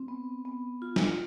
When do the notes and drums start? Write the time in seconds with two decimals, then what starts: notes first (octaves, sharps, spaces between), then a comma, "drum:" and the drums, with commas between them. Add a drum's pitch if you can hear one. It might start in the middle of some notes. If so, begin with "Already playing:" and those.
Already playing: C4
0.08 B3
0.45 B3
0.82 F4
0.96 drum: snare